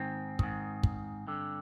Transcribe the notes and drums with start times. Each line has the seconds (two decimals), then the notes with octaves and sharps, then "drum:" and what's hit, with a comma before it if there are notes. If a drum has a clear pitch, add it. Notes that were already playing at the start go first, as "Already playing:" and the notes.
Already playing: G#2 D#3 C4
0.39 G#2 D#3, drum: kick
0.83 drum: kick
1.27 G2 D3